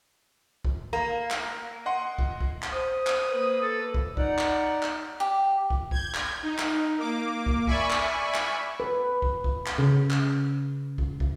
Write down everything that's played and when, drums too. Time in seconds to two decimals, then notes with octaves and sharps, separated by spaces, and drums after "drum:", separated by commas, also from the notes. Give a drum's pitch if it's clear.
0.65 drum: kick
0.93 A#3 A#5
1.31 drum: clap
1.86 D#5 F#5 C6
2.18 drum: kick
2.40 drum: kick
2.62 drum: clap
2.72 C5 D#6
3.06 drum: clap
3.28 A#3 B4
3.61 A4
3.94 drum: kick
4.17 D#4 D5 F#5, drum: kick
4.38 drum: clap
4.82 drum: clap
5.20 G4
5.70 drum: kick
5.91 G6 G#6, drum: kick
6.14 drum: clap
6.43 D#4
6.58 drum: clap
6.98 A#3 D6
7.46 drum: kick
7.67 D5 E5 G#5 B5 C#6, drum: kick
7.90 drum: clap
8.34 drum: clap
8.80 B4
9.22 drum: kick
9.44 drum: kick
9.66 drum: clap
9.78 C#3
10.10 drum: clap
10.98 drum: kick
11.20 drum: kick